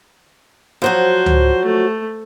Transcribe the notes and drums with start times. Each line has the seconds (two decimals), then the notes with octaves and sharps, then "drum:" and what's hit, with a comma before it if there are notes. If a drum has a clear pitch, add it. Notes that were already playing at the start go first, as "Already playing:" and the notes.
0.82 F3 F#3 F#4 C5
1.26 drum: tom C#2
1.65 A3